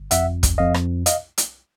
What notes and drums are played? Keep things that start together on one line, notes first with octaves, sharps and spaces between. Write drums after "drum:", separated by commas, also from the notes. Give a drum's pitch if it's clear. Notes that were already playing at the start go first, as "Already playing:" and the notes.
Already playing: G1
F2 E5 F#5, drum: hi-hat
drum: kick, hi-hat
F2 D#5 F5
drum: rim click
D#5 F5, drum: hi-hat
drum: hi-hat